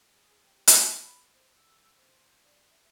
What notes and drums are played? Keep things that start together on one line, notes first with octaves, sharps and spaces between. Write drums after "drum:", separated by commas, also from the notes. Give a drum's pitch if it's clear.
G#4
G4
drum: hi-hat
B5
C5
E6
C5
D5
E5